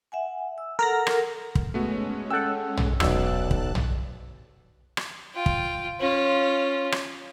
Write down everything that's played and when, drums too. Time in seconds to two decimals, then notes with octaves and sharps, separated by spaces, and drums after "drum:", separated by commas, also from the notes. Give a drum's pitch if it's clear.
0.12 E5 F#5 G#5
0.58 E6
0.79 A4 A#4 F#5 F6 A#6
1.07 drum: rim click
1.55 drum: kick
1.74 G#3 A3 B3 C#4 F#4
2.30 A4 F#5 G5 E6 F#6
2.77 drum: tom
3.00 D#1 B1 D5 A5 E6 F#6, drum: rim click
3.51 drum: kick
3.75 drum: tom
4.97 drum: rim click
5.34 F4 G5
5.46 drum: kick
6.00 C#4 F4
6.92 drum: rim click